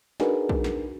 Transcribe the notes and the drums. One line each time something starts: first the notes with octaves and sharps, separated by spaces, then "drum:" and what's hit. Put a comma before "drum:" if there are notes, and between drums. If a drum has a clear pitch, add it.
D4 D#4 F#4 G#4 A#4 B4, drum: snare
drum: kick
drum: snare